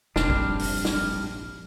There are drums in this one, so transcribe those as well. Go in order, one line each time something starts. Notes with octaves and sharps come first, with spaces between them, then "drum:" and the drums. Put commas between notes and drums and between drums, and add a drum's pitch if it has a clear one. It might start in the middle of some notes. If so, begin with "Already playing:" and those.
F1 A#1 G2 G3 C4 D4 F6, drum: snare
drum: kick
drum: open hi-hat
drum: snare